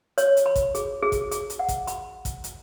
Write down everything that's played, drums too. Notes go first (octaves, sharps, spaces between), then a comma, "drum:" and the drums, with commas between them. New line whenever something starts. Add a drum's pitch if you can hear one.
C#5, drum: hi-hat
drum: hi-hat
B5
drum: kick A1, hi-hat
G#4, drum: hi-hat
G#4
drum: kick A1, hi-hat
G#4, drum: hi-hat
drum: hi-hat
F#5
drum: kick A1, hi-hat
B5, drum: hi-hat
drum: kick A1, hi-hat
drum: hi-hat